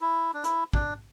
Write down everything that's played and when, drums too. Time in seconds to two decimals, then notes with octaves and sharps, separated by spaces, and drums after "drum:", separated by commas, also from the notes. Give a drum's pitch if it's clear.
0.01 E4
0.34 D4
0.44 E4, drum: hi-hat
0.73 D4, drum: kick